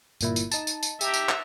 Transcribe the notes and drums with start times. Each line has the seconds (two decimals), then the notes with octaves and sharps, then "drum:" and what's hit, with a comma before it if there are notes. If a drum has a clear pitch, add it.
0.21 G1 A#2 E4, drum: tambourine
0.36 drum: tambourine
0.52 D#4 A5, drum: tambourine
0.67 drum: tambourine
0.83 drum: tambourine
1.01 G4 E5 A#5, drum: tambourine
1.14 drum: tambourine
1.29 drum: clap